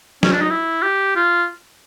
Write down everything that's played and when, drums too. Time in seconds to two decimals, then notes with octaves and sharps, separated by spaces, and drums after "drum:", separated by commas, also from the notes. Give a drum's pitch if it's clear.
0.23 C#4, drum: snare
0.32 D4
0.41 D#4
0.50 E4
0.82 G4
1.16 F4